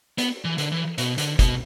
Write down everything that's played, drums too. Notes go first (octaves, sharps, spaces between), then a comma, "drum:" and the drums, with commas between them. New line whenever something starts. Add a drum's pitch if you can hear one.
B3, drum: hi-hat
E3
D3, drum: hi-hat
E3
B2, drum: hi-hat
D3, drum: hi-hat
B2, drum: kick, hi-hat